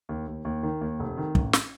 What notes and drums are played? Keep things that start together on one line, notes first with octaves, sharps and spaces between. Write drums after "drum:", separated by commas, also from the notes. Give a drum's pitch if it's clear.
D#2
D#2
D#2
D#3
D#2
F1
D#3
A1, drum: kick
drum: snare